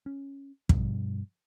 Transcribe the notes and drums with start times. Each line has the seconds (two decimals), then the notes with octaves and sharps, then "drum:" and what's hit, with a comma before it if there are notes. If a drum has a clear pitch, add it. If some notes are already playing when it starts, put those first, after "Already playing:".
0.06 C#4
0.69 G2 B2 F3, drum: kick